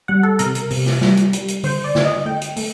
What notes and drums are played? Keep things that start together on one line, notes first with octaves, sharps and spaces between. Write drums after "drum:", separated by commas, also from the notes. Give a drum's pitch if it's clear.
G3 F#5
A4
C3 A#4, drum: hi-hat
drum: hi-hat
C3, drum: open hi-hat
drum: snare
G3, drum: snare
drum: hi-hat
G3, drum: hi-hat
drum: hi-hat
D3 C5, drum: open hi-hat
D5
D3, drum: snare
D#5
A3 G5
drum: hi-hat
A3, drum: open hi-hat